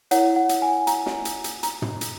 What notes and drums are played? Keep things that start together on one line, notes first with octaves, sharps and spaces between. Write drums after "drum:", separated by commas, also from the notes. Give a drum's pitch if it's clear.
E4 A#4 C#5 F#5, drum: hi-hat
F#5
drum: hi-hat
G#5
A#5, drum: hi-hat
drum: snare
drum: hi-hat
drum: hi-hat
A#5, drum: hi-hat
drum: tom
drum: hi-hat